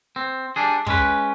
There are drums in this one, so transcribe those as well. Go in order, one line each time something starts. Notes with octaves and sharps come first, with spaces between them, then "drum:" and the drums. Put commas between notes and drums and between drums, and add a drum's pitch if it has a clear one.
C4
G3 D4 G#4
G#3 C#4 B4, drum: kick